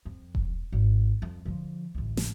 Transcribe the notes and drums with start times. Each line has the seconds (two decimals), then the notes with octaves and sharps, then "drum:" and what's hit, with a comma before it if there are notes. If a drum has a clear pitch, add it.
0.05 F2
0.35 drum: kick E1
0.72 G#1
1.22 F2
1.45 D3 F3
1.94 A1 D2
2.17 drum: snare